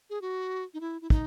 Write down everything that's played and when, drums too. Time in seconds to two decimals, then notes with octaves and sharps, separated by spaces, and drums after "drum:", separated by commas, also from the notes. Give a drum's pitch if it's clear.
0.10 G#4
0.22 F#4
0.74 D#4
0.81 E4
1.01 E4
1.10 D#4, drum: kick